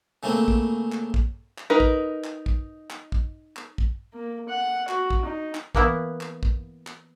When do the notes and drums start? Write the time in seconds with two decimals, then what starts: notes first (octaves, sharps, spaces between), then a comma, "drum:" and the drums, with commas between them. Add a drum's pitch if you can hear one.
0.23 C#3 F#3 A3 A#3 C4
0.48 drum: kick
0.92 drum: clap
1.14 drum: kick
1.58 drum: clap
1.70 D#4 A#4 B4
1.80 drum: kick
2.24 drum: clap
2.46 drum: kick
2.90 drum: clap
3.12 drum: kick
3.56 drum: clap
3.78 drum: kick
4.14 A#3
4.49 F#5
4.88 F#4, drum: clap
5.10 drum: kick
5.25 D#4
5.55 drum: clap
5.75 E3 A#3 B3 E4, drum: kick
6.21 drum: clap
6.43 drum: kick
6.87 drum: clap